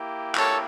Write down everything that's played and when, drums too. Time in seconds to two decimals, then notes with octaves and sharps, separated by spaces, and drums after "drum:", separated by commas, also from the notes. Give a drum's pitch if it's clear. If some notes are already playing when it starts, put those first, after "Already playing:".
Already playing: A#3 E4 G4
0.35 A4 C#5, drum: clap